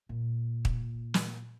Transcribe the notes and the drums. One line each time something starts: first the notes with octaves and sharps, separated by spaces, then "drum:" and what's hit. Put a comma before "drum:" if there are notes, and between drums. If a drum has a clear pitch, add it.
A#2
drum: kick
drum: snare